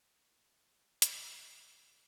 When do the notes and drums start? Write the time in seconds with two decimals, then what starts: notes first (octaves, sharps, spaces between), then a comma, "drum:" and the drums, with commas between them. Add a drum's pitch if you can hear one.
0.22 G#3
0.42 G#3
0.63 D3
0.82 D3
1.02 D3, drum: hi-hat
1.22 D3
1.42 B3
1.62 D3
1.81 A2